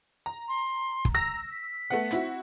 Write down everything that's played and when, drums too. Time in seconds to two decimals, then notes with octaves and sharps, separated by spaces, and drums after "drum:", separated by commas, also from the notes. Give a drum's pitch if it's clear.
0.26 A#5
0.48 C6
1.05 drum: kick
1.14 A#5 E6 A#6
1.51 B6
1.90 A3 B3 F#5
2.11 C4 E4 F#4, drum: hi-hat